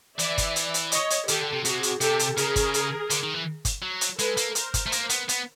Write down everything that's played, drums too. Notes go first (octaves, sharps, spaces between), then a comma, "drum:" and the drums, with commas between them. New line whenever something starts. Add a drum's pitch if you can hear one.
E3 D5 E5, drum: hi-hat
drum: kick G1, hi-hat
drum: hi-hat
drum: hi-hat
C#5 D#5, drum: hi-hat
drum: hi-hat
D#3 G4 A4, drum: hi-hat
D3
C3
C3 F#4 G#4, drum: hi-hat
drum: hi-hat
C3 G4 A4, drum: hi-hat
drum: hi-hat
C#3 G#4 A#4, drum: hi-hat
drum: kick G1, hi-hat
drum: hi-hat
D3, drum: hi-hat
D#3
E3
drum: kick G1, hi-hat
F#3
drum: hi-hat
G#3 A4 B4, drum: hi-hat
A#3, drum: hi-hat
A#4 C5, drum: hi-hat
drum: kick G1, hi-hat
A3
A#3, drum: hi-hat
B3, drum: hi-hat
B3, drum: hi-hat